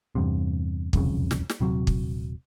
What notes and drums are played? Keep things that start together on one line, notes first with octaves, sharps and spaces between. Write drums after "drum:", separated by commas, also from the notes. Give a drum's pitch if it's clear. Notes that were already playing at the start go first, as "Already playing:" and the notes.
E2 G2 C3
E1 C2 F2 C#3, drum: kick
drum: snare
drum: snare
D#1 C3 F#3
drum: kick